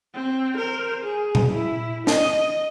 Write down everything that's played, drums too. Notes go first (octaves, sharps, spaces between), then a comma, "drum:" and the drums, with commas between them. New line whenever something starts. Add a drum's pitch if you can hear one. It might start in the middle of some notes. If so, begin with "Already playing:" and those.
C4
A#4 C5
G#4
drum: tom A#2
E4
D#5, drum: snare